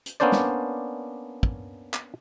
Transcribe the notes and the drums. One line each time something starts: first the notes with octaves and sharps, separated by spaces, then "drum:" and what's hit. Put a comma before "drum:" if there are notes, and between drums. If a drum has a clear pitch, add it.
drum: hi-hat
A#3 B3 C#4 D4 C5 D5
drum: snare
drum: kick
drum: clap